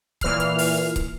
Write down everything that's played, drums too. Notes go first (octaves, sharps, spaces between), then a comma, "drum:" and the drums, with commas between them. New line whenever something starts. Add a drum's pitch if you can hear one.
A#2 E3 F6 C7, drum: kick C#1, hi-hat
drum: hi-hat
drum: open hi-hat
drum: kick C#1, hi-hat